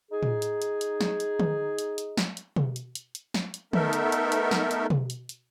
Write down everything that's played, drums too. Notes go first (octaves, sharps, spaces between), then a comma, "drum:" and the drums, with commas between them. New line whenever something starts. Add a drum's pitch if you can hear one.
D#4 G#4
drum: tom A2
drum: hi-hat
drum: hi-hat
drum: hi-hat
drum: snare
drum: hi-hat
drum: tom
drum: hi-hat
drum: hi-hat
drum: snare
drum: hi-hat
drum: tom
drum: hi-hat
drum: hi-hat
drum: hi-hat
drum: snare
drum: hi-hat
A3 B3 D#4 A4 A#4 E5, drum: tom
drum: hi-hat
drum: hi-hat
drum: hi-hat
drum: snare
drum: hi-hat
drum: tom
drum: hi-hat
drum: hi-hat